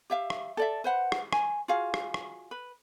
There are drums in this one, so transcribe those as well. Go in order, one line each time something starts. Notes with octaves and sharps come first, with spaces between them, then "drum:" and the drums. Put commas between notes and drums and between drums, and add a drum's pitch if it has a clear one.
G4 E5 F5
drum: rim click
A4 D5 E5
B4 C5 F#5
drum: rim click
G#5, drum: rim click
F4 F#4 G#4 F5
drum: rim click
drum: rim click
B4